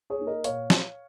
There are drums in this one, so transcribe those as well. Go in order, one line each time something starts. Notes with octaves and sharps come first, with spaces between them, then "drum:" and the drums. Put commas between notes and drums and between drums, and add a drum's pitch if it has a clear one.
G#4 C#5
A#3 D#4
A#4 D#5
A#2 C#5 F5, drum: hi-hat
drum: snare